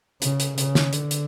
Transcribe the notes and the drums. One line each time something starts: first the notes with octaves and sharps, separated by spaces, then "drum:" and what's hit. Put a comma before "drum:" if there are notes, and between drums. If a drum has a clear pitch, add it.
C#3, drum: hi-hat
drum: hi-hat
C#3, drum: hi-hat
drum: snare
D3, drum: hi-hat
drum: hi-hat